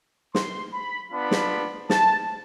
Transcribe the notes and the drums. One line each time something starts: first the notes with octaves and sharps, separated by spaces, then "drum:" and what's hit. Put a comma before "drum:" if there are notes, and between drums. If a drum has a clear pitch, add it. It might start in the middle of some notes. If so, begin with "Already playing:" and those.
C6, drum: snare
B5
B3 D4 F4 B5
drum: snare
A5, drum: snare